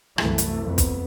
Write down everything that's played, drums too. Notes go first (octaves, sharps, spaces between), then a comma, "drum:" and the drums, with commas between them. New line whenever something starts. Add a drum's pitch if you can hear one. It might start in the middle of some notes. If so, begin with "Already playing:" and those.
C2 F#2 E3 A3, drum: rim click
drum: hi-hat
F2 B3
drum: kick, hi-hat